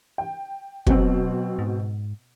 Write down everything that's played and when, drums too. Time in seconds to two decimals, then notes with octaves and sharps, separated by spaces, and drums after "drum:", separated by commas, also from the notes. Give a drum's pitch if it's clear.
0.18 G5
0.87 B2 F#3 C4, drum: kick
1.59 G#2